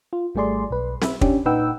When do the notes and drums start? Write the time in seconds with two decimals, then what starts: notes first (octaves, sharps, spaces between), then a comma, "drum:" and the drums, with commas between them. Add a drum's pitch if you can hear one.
0.13 F4
0.35 G#1 G3 A3 G#4 D5 C6
0.71 B1 B4
1.02 E5 B5, drum: snare C4
1.21 C#4 D4 G4, drum: kick
1.46 A#2 D#4 B4 F#5 G5 E6